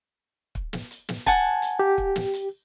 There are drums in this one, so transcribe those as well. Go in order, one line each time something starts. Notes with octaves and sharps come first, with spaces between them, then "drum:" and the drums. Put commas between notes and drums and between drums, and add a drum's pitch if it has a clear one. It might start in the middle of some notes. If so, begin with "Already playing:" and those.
drum: kick
drum: snare
drum: hi-hat
drum: snare
F#5 G#5 A5, drum: kick, hi-hat
drum: hi-hat
G4
drum: kick
drum: snare
drum: hi-hat